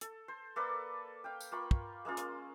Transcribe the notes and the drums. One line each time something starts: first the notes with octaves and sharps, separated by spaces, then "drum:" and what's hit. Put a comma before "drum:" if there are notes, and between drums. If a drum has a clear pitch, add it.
A4, drum: hi-hat
C5
A#3 A4 B4 D5
F5 G5
drum: tambourine
A#3 F4 B5 C#6
drum: kick
G#3 A#3 C#4 F4
drum: hi-hat